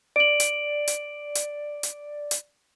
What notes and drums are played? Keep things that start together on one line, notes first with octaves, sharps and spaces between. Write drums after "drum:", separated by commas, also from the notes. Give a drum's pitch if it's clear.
D5 D7 F#7
drum: hi-hat
drum: hi-hat
drum: hi-hat
drum: hi-hat
drum: hi-hat